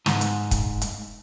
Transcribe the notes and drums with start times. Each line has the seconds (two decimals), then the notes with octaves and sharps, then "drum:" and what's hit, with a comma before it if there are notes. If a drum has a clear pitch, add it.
0.06 G#2, drum: snare
0.21 drum: hi-hat
0.51 drum: kick, hi-hat
0.82 drum: hi-hat